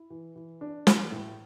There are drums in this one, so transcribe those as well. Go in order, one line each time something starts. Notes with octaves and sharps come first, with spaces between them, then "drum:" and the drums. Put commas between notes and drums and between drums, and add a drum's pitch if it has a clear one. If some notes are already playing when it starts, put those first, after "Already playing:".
Already playing: E4
E3
E3
D4
E3, drum: snare
A2